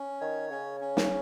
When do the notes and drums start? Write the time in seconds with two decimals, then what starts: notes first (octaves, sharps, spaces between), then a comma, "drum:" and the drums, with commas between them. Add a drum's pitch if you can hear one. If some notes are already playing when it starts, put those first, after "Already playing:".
Already playing: C#4
0.21 D#3 C#5
0.50 C#3 C#4
0.81 C#4
0.97 drum: snare